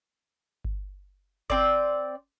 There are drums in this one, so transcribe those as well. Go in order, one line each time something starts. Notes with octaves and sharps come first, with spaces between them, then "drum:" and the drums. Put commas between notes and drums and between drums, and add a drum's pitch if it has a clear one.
drum: kick G1
C4 D5, drum: kick G1